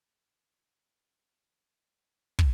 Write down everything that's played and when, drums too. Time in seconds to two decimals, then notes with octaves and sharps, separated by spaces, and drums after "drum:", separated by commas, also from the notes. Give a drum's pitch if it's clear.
0.01 C#5 D5 E5
2.39 drum: kick